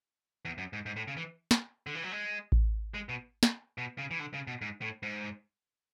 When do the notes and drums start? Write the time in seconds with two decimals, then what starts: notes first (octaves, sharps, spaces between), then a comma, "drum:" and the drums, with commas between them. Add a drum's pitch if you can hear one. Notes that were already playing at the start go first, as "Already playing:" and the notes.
0.45 E2
0.58 F#2
0.73 G#2
0.86 G#2
0.96 A2
1.08 C#3
1.17 E3
1.51 drum: snare
1.87 D3
1.95 E3
2.04 F#3
2.12 G#3
2.52 drum: kick A1
2.94 G#3
3.09 B2
3.43 drum: snare
3.78 B2
3.98 C#3
4.11 E3
4.20 D3
4.34 C#3
4.47 B2
4.61 G#2
4.82 A2
5.03 G#2